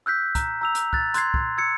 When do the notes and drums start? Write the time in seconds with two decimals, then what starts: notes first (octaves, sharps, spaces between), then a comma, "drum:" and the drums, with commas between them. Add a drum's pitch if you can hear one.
0.06 E6 F#6 G6 B6
0.35 A#5, drum: kick, hi-hat
0.61 A#5 E6 F7
0.75 drum: hi-hat
0.93 F#6 A6, drum: kick
1.14 C6 F#6 G#6 C7, drum: hi-hat
1.34 drum: kick
1.57 E6 G#6 C#7